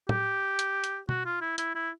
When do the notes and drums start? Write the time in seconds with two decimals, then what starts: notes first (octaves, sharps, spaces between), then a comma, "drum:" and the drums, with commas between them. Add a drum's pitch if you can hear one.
0.09 G4, drum: tom
0.59 drum: hi-hat
0.84 drum: hi-hat
1.09 F#4, drum: tom
1.25 F4
1.41 E4
1.58 E4, drum: hi-hat
1.75 E4